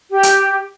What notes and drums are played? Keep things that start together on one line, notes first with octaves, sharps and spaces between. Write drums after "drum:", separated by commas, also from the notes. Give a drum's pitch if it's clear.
G4
drum: hi-hat